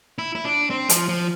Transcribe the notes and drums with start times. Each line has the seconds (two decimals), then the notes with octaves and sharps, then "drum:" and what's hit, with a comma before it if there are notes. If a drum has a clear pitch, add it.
0.19 E4
0.35 E4
0.45 D4
0.70 C4
0.89 F3, drum: hi-hat
1.09 F3